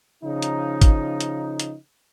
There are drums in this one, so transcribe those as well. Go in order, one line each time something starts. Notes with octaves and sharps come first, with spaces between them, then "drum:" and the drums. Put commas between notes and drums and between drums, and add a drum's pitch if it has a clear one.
C#3 F3 D#4
drum: hi-hat
drum: kick, hi-hat
drum: hi-hat
drum: hi-hat